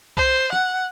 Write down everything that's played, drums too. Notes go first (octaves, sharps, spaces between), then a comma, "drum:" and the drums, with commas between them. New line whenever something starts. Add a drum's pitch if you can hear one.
C5, drum: kick C2
F#5, drum: snare